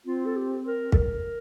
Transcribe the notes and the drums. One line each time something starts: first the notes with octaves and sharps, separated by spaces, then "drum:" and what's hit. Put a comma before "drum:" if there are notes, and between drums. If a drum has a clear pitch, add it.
C4 F4
A4
G4
A#4
A4, drum: kick
A#4